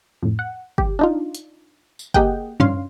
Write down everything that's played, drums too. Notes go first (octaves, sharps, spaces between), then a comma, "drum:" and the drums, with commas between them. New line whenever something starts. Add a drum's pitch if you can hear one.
F2 A2
F#5
G4, drum: kick
D4 D#4 F4
drum: hi-hat
drum: tambourine
A#3 G4 G#4 D#5 F#5 G5, drum: kick
G2 C#4 D4 F5 C6, drum: tom F#2